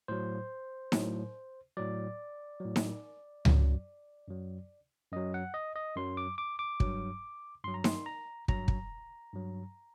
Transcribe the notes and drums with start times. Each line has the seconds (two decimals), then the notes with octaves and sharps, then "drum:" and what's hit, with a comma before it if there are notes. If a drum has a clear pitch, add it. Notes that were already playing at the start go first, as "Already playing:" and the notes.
0.08 A2 F#3 C5
0.92 A2 F#3, drum: snare D#4
1.77 A2 F#3 D5
2.60 F#3
2.65 A2
2.76 drum: snare D#4
3.45 F#2 F#3, drum: tom C#2
4.28 F#2 F#3
5.12 F#2 F#3 D#5
5.34 F#5
5.54 D#5
5.76 D#5
5.96 F#2 F#3 C6
6.17 D6
6.38 D6
6.59 D6
6.80 G2 F#3, drum: kick
7.64 G2 F#3 C6
7.74 A#5
7.84 C6, drum: snare D#4
8.06 A#5
8.48 G2 F#3 A#5, drum: kick
8.68 drum: kick
9.33 G2 F#3